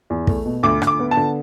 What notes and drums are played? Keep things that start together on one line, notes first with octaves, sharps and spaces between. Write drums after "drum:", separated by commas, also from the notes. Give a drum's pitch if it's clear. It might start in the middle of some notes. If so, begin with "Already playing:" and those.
E2
A3, drum: kick
B2
D2 D6
D2, drum: rim click
D6
B3
A5
D3